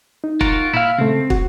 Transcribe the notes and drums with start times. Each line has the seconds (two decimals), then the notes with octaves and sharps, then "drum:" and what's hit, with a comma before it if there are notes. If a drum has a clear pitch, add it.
0.24 D#4
0.41 F4 F#4 A#4, drum: kick
0.74 A#2 E4 F5 F6
0.98 C#3 A3 C4
1.30 F#4, drum: kick